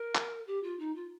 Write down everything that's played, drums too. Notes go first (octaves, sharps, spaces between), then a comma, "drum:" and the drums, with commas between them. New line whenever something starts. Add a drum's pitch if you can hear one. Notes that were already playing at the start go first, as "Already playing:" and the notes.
Already playing: A#4
drum: clap
G4
F4
D#4
F4